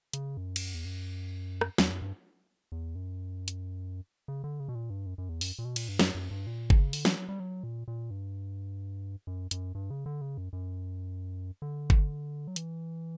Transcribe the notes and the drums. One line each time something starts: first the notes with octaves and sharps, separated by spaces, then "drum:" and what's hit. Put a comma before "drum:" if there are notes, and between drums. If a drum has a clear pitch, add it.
C#3, drum: hi-hat
F#2
drum: cymbal
E2
F#2
drum: rim click
E2, drum: snare
F#2
G2
E2
F#2
drum: hi-hat
C#3
D3
C#3
B2
A#2
G2
F#2
F#2
E2
F#2, drum: open hi-hat
A#2
B2
A#2, drum: cymbal
G2
F#2, drum: snare
F#2
G2
A#2
C#3, drum: kick G1
D3, drum: open hi-hat
E3, drum: snare
F#3
G3
F#3
A#2
A#2
G2
F#2
F#2, drum: hi-hat
G2
C#3
D3
C#3
F#2
F#2
D3
drum: kick G1
F#3
E3, drum: hi-hat